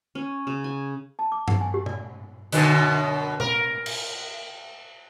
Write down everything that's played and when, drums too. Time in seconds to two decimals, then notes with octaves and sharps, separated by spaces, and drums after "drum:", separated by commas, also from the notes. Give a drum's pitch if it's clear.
0.15 C#4
0.47 C#3
0.64 G#5
1.19 A5
1.32 D6
1.48 F#5, drum: tom G2
1.61 G#5
1.74 G4
1.86 D5, drum: tom A#2
2.52 F#2 B2 D3, drum: hi-hat
3.40 A#4, drum: tom A#2
3.86 drum: cymbal